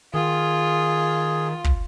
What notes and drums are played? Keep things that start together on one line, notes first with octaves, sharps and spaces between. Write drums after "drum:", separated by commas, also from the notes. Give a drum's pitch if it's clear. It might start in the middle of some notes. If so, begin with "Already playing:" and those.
D#3 F4 G#4
drum: kick